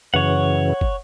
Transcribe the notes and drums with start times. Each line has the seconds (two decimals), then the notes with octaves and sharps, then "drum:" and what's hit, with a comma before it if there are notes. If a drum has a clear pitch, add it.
0.14 F#2 C#3 E3 C#5 F#5
0.81 drum: kick